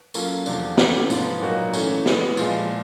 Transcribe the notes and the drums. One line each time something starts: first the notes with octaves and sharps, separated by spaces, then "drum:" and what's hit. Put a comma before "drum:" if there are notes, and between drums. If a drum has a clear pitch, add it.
F#3 A#3 C#4 F4 A4, drum: tambourine
E2 C3 F3 A3 D4, drum: tambourine
C3 E3 A3 C#4, drum: snare
G#2 F3 G#3 B3, drum: tambourine
A#2 F#3 A#3 D#4 F#4
E3 A3 C#4, drum: tambourine
E3 G#3 B3, drum: snare
A#2 F3 G#3, drum: tambourine